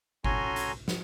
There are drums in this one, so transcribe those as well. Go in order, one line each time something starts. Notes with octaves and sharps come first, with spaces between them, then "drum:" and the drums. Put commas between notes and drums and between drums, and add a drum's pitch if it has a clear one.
C#4 F#4 A4 G#5 A#5 C6, drum: kick G1
drum: hi-hat
drum: snare